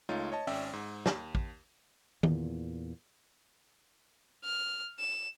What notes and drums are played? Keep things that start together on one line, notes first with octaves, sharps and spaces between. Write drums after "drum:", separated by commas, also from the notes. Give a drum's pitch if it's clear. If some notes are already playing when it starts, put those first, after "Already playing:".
C#2 A3 D#4 F4 C#5
C#5 D#5 A5
G#1 C#4 D5 E5 G5 E6, drum: open hi-hat
G#2
D#2, drum: snare
drum: kick
E2 A#2, drum: tom D#3
F6
E7